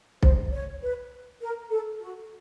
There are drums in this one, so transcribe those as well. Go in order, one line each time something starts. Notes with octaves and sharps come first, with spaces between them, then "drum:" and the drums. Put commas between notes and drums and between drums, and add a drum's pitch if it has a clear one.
C5, drum: kick B1
C#5
B4
A#4
A4
F#4